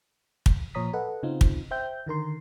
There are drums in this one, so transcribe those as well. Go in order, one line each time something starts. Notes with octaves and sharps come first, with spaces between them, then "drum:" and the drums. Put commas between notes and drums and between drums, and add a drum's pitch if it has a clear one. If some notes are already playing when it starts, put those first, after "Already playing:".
drum: kick
A#2 F3 C#5 A#5 D#6 B6
A4 B4 D#5 F#5
C#3 C4 D#4 F4
drum: kick
C5 E5 G5 G6
D3 D#3 A#4 C6